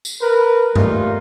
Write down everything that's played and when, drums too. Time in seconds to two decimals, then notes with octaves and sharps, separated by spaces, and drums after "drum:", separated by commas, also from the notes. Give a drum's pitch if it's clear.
0.05 drum: tambourine
0.22 A#4 B4
0.75 G3 A3 A#3 D#4 F4, drum: tom G2